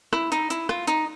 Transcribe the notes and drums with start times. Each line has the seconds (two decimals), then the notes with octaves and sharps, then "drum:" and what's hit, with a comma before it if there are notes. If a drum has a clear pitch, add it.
0.13 E4, drum: rim click
0.32 D#4, drum: hi-hat
0.50 E4, drum: hi-hat
0.69 F4, drum: rim click
0.87 D#4, drum: hi-hat